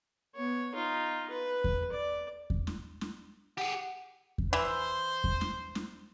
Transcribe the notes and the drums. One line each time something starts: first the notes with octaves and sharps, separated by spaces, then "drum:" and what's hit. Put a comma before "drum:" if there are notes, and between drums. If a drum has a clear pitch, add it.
B3 C#5
D#4 F4
B4
drum: kick E2
D5
drum: kick E2
drum: snare
drum: snare
G4 G#4 F#5
drum: kick E2
E3 C5
drum: kick E2
drum: snare
drum: snare